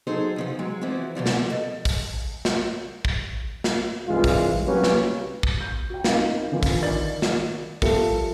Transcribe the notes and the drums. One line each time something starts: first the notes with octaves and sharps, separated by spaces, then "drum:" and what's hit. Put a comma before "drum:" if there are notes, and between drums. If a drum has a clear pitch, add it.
F#3 D#4 G#4 A4 C5
E2 D#3 F3
F#3 G#3
E3 F3 C4 E4 F#4
B2 D3 F3 G3
drum: snare
A4 D#5
drum: kick, open hi-hat
drum: snare
drum: kick
drum: snare
C2 G2 E3 G#3 F4
drum: kick, open hi-hat
C2 F#3 A#3 C#4 G4 B4
drum: snare
drum: kick
G6
F#4 G5
C4 D#4 A#4 F5, drum: snare
D3 E3 F3
drum: kick, open hi-hat
D#3 D5 A6 F#7
drum: snare
F3 G3 A4 A#4 E5 C#7, drum: kick, open hi-hat